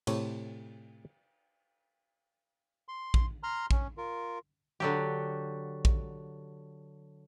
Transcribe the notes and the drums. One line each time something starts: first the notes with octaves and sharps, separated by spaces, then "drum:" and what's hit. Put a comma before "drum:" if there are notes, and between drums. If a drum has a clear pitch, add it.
A2 C3 C#5, drum: cymbal
C6
drum: kick A#1
A#5 C6 F6
C#4, drum: kick A#1
F4 A#4
D3 F#3 G4
drum: kick A#1